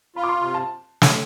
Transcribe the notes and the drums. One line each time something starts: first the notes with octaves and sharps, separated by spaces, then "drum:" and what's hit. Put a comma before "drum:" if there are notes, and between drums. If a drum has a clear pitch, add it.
F4 B5
D6
C6
C3 C6
A5
drum: snare